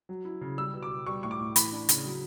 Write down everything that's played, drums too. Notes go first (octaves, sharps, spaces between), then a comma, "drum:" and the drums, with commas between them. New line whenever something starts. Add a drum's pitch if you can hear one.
F#3
E4
C#3
G3 E6
B2
D6
B2
G3 C#6
A2 C#6
D6
A2
E3 B5, drum: hi-hat
D4
C#3, drum: hi-hat
F#3